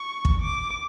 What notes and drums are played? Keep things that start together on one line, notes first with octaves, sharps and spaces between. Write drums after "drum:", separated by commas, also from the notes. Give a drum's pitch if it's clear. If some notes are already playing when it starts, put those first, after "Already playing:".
Already playing: C#6
drum: kick
D6